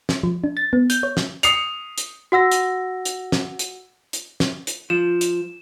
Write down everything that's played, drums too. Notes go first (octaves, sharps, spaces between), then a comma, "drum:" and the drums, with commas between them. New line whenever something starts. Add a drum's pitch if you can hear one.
drum: snare
F3
D4
A6
B3
G6, drum: hi-hat
C#5
drum: snare
D#6 C7 C#7 F7, drum: hi-hat
drum: hi-hat
F#4 F#5 E6 A#6
drum: hi-hat
drum: hi-hat
drum: snare
drum: hi-hat
drum: hi-hat
drum: snare
drum: hi-hat
F3 E7
drum: hi-hat